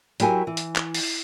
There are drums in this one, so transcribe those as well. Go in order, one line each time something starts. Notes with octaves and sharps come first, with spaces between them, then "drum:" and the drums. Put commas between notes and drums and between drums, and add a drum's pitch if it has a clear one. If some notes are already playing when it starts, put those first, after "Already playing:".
F#3 E4 G4 A#4 G#5, drum: hi-hat
E3
drum: hi-hat
drum: clap
drum: open hi-hat